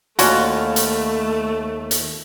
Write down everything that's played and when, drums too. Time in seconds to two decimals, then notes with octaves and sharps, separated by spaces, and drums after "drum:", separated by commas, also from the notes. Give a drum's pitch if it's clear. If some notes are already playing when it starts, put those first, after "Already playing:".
0.19 D#2 A3 C#4 D4 F4 F#4, drum: hi-hat
0.76 drum: hi-hat
1.91 drum: hi-hat